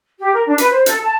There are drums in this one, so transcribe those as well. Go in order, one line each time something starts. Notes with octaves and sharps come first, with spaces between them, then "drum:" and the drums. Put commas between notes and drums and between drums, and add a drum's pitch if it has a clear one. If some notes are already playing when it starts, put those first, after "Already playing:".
G4
A#4
D4
B4, drum: hi-hat
C5
A4, drum: hi-hat
A5